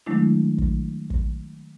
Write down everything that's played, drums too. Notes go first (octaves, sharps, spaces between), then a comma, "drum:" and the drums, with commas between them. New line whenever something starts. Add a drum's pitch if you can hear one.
D#3 F#3 G#3 A3 D4 E4
drum: kick
drum: kick